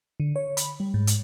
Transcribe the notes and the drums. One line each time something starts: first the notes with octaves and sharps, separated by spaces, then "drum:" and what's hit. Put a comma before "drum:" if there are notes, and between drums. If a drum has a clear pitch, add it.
D3
C#5
B5, drum: hi-hat
G3
G#2
drum: hi-hat